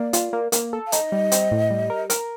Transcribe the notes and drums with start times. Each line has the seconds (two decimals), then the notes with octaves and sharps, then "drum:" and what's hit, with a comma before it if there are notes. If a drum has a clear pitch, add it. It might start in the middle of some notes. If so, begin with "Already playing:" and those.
Already playing: A#3 D5
0.13 F4, drum: hi-hat
0.33 A#3
0.52 A#3, drum: hi-hat
0.73 A4
0.87 F5
0.92 D#4 D#5, drum: hi-hat
1.12 G3
1.32 C4, drum: hi-hat
1.51 A2
1.71 G3
1.90 A#4
2.10 A#4, drum: hi-hat